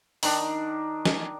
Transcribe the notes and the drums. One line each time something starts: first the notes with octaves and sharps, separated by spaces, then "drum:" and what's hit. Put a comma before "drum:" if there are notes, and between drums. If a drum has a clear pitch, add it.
D#3 D4, drum: open hi-hat
drum: snare